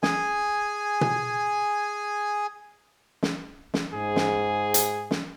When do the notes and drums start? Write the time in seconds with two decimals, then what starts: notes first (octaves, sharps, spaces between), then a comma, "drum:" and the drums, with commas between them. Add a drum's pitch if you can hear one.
0.03 G#4 G#5, drum: snare
1.01 drum: tom B2
3.23 drum: snare
3.74 drum: snare
3.94 G#2 G#4
4.16 drum: snare
4.74 drum: hi-hat
5.11 drum: snare